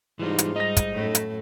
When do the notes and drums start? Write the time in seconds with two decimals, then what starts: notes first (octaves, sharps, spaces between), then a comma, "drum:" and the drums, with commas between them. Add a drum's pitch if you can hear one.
0.19 G#2 E3 G3 D#4 F4
0.38 drum: hi-hat
0.56 G3 D#4 D#5 A#6
0.77 drum: kick, hi-hat
0.93 F#2 A2 A3
1.15 drum: hi-hat